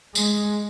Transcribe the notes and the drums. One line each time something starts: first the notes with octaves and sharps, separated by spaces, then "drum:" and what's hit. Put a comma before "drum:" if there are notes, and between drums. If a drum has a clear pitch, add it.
G#3, drum: tambourine